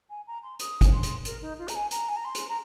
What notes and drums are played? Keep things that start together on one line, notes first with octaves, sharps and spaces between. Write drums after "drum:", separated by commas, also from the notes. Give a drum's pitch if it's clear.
G#5
A#5
C6
D#6, drum: hi-hat
drum: kick G1, hi-hat
C6
drum: hi-hat
A#4, drum: hi-hat
D#4
F4
A#5, drum: hi-hat
G#5
A#5, drum: hi-hat
G#5
A#5
C6
drum: hi-hat
A#5